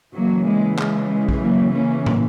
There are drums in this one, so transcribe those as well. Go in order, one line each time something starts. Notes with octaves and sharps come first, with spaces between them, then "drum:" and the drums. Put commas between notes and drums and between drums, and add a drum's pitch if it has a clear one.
C#3 E3 F#3 A#3
G#3
G#3, drum: clap
G#3
drum: kick
F#3 A#3
A#3 C#4
drum: tom